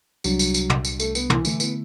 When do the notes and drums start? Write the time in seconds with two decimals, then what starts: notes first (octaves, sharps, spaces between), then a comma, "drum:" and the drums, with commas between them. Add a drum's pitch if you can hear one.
0.24 C2 C3 F#3 G3 D4 F#4, drum: tambourine
0.39 drum: tambourine
0.54 drum: tambourine
0.70 drum: tom
0.85 drum: tambourine
1.00 A3, drum: tambourine
1.15 B3, drum: tambourine
1.30 E3, drum: tom
1.45 D3 E3 A3 E4, drum: tambourine
1.60 B3, drum: tambourine